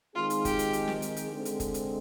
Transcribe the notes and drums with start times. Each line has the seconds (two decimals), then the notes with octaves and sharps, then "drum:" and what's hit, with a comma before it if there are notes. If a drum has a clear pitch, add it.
0.15 D#3 G#3 C4 D#4 F4 G#4
0.30 drum: hi-hat
0.45 G4, drum: kick, hi-hat
0.59 drum: hi-hat
0.73 drum: hi-hat
0.88 drum: snare
1.02 drum: hi-hat
1.16 drum: hi-hat
1.30 D3 G#3 C4
1.45 drum: hi-hat
1.60 drum: kick, hi-hat
1.74 drum: hi-hat